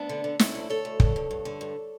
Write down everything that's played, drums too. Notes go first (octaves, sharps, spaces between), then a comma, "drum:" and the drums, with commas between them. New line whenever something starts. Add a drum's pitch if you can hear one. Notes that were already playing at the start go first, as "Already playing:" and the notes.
Already playing: D2 B3 D4
D3
D3
D3 C#4 E4, drum: snare
D2
D2 A4 C#5
D2
G2, drum: kick
G2
G2
D3
G2